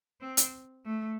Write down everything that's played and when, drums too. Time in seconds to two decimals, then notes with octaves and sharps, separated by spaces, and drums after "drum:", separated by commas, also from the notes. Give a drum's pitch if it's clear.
0.21 C4
0.37 drum: hi-hat
0.85 A3